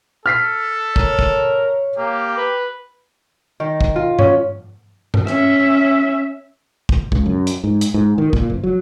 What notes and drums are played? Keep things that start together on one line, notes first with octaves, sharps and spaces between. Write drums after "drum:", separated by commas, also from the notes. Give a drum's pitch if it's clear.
A4 F6 B6 C7
A#4 C#5, drum: kick
drum: kick
A#3 G4
B4
D#3
drum: kick
F4
C#4, drum: tom G2
drum: tom G2
C#4 E5, drum: rim click
drum: kick
C#2, drum: kick
F#2
drum: hi-hat
G#2
drum: hi-hat
G#2
D#3
A#2, drum: kick
F#1
F#3